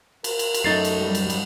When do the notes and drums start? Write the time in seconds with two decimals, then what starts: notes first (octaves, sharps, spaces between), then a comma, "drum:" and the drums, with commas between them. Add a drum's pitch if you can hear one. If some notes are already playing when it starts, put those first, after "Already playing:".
0.24 A#4, drum: cymbal
0.39 drum: cymbal
0.54 drum: cymbal
0.64 F#2 A3 D#4 A6 C7
0.85 drum: cymbal
0.99 G3
1.15 drum: cymbal
1.30 drum: cymbal